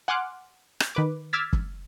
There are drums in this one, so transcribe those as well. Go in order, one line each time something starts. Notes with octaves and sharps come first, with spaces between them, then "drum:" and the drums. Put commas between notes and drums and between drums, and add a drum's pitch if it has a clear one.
F#5 G#5 C6 D6 F6 F#6
drum: rim click
D#3 B4 D6
D6 E6 F6 G#6 A6 B6
drum: kick